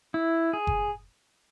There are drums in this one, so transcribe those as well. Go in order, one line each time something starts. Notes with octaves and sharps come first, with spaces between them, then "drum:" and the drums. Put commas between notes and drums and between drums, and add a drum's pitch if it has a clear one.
E4
G#4
drum: kick F#1